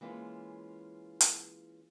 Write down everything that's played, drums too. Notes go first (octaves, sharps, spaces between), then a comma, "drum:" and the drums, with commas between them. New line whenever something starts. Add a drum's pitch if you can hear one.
E3 G#3 A#3 C#4 F4
drum: hi-hat